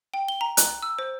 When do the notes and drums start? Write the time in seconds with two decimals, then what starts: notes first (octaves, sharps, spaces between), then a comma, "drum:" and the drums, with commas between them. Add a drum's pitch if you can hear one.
0.14 G5
0.29 G7
0.41 A#5
0.57 F#6, drum: hi-hat
0.82 E6
0.99 C5